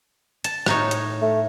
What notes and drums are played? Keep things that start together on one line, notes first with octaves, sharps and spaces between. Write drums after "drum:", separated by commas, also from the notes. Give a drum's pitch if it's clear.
A5, drum: hi-hat
A2 D#4 C#5, drum: rim click
drum: hi-hat
A3